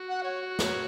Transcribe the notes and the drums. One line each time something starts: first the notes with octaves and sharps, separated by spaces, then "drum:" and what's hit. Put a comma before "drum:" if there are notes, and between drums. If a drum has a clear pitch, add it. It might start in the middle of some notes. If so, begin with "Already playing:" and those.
Already playing: F#4
F#5
C#5
C#5, drum: snare